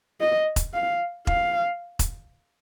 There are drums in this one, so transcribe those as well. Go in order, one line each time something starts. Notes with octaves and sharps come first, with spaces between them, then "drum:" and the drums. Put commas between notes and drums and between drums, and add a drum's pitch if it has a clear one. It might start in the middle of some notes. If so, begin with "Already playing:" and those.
D#5
drum: kick E1, hi-hat
F5
F5, drum: kick E1
drum: kick E1, hi-hat